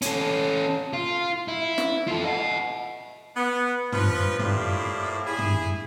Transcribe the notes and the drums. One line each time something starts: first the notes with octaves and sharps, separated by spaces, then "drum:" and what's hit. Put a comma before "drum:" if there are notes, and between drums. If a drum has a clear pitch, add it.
C#4 A4, drum: hi-hat
F4
E4
drum: snare
F4 A4
D#5 F#5
B3
F3 G3 F4 B4, drum: tom
A2 F3 G3 A#3 E4, drum: tom
E4 G#4
drum: tom